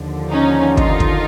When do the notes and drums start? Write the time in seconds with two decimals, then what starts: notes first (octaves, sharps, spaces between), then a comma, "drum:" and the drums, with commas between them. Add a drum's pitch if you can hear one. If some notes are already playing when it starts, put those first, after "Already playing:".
Already playing: D#2 D3 F3
0.32 C#4 D#4
0.77 D#4 F4, drum: kick
1.00 drum: kick